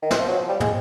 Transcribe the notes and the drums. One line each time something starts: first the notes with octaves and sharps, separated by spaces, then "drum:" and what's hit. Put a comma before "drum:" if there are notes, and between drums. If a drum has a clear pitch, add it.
D#3
E3, drum: snare
F3
F#3
F3
G3
G#3, drum: tom